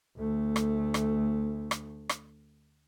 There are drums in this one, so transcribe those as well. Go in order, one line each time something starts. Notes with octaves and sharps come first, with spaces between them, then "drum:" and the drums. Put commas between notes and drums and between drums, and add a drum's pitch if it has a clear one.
D2 A3
drum: rim click
drum: rim click
drum: rim click
drum: rim click